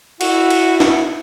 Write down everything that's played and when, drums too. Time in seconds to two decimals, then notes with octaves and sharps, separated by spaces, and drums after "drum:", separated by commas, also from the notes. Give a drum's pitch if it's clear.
0.21 E4 F#4, drum: cymbal
0.50 drum: cymbal
0.80 drum: snare